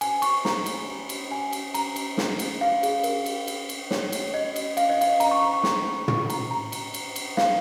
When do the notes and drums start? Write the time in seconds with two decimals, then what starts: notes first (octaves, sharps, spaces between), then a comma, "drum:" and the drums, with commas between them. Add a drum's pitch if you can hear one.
0.01 G#5, drum: cymbal
0.22 C#6, drum: cymbal
0.45 A#5, drum: snare
0.66 drum: cymbal
1.09 drum: cymbal
1.31 G#5
1.53 drum: cymbal
1.74 A#5, drum: cymbal
1.96 drum: cymbal
2.18 drum: snare
2.39 drum: cymbal
2.61 F5
2.83 G#4, drum: cymbal
3.04 A#4, drum: cymbal
3.26 drum: cymbal
3.47 drum: cymbal
3.69 drum: cymbal
3.91 C#5, drum: snare
4.12 drum: cymbal
4.34 D#5
4.56 drum: cymbal
4.77 F5, drum: cymbal
4.89 D#5
5.01 F5, drum: cymbal
5.20 A#5, drum: cymbal
5.31 C#6
5.43 A#5
5.53 C#6
5.63 C#6, drum: snare
6.08 C#6, drum: tom
6.30 A#5, drum: cymbal
6.51 A#5
6.72 drum: cymbal
6.94 drum: cymbal
7.16 drum: cymbal
7.37 F5, drum: snare